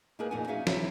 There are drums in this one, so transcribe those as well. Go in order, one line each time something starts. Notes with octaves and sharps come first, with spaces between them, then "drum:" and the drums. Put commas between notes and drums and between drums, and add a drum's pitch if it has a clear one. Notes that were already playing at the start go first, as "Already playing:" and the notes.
A#3 D4 D#4 G#4 A#4 B4
F2 A#2 D#4 F4 F#5 G#5
C#4 D#4 F#4 G#4 E5 F5
F#3 E4 E5 A5, drum: snare